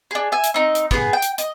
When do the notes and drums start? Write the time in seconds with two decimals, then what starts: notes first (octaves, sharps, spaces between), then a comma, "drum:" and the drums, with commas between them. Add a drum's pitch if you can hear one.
0.11 D4 G#4
0.32 E5 G#5
0.44 drum: hi-hat
0.54 C4 D#4
0.75 drum: hi-hat
0.91 B3 G#4, drum: kick
1.13 G5
1.22 drum: hi-hat
1.38 D#5, drum: hi-hat